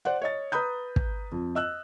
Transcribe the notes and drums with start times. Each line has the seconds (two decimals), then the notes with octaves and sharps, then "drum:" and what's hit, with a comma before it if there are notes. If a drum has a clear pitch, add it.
0.05 C5 D5 F#5
0.21 C#5 D#5 A6
0.52 B4 A#5 B5 D#6 G6
0.96 drum: kick
1.32 F2
1.55 D#5 E6 F#6